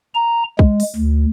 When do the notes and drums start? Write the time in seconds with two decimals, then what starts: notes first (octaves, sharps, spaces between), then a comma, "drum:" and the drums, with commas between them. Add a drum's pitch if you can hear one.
0.14 A#5
0.59 G#3, drum: kick
0.80 drum: open hi-hat
0.96 D2